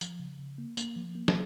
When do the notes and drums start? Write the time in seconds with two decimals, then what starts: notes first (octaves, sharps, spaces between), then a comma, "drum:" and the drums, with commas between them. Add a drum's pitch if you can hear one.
0.01 F3, drum: tambourine
0.19 C#3
0.39 C#3
0.58 A#3
0.77 A#3, drum: tambourine
0.96 F3
1.15 A#3
1.28 drum: snare